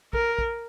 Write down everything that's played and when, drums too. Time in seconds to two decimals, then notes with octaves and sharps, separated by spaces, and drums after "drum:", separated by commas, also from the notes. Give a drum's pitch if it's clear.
0.13 A#4, drum: kick
0.39 drum: kick